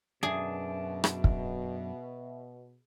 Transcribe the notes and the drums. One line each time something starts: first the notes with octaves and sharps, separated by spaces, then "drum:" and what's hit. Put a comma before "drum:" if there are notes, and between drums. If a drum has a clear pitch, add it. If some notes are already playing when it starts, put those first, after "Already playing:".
F#2 B2 D4 G#4 E5
drum: rim click
drum: kick